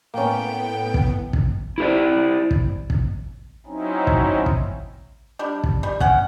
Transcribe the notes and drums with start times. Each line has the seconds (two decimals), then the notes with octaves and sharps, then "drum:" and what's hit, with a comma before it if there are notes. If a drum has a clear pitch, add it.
0.14 A2 A#3 B3 C#4 G5
0.94 drum: kick
1.33 drum: kick
1.78 E4 G4 A4 C5 D5
2.51 drum: kick
2.90 drum: kick
3.66 F#3 C4 C#4 D#4 E4
4.07 drum: kick
4.46 drum: kick
5.39 G3 D4
5.64 drum: kick
5.83 G3
6.00 C#4 F#5, drum: kick